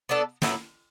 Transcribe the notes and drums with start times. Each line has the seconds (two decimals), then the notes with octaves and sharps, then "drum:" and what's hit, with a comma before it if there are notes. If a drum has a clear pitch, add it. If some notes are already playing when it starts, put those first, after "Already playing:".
0.09 B3 D4 A4
0.42 A2 F#3 B3 E4, drum: snare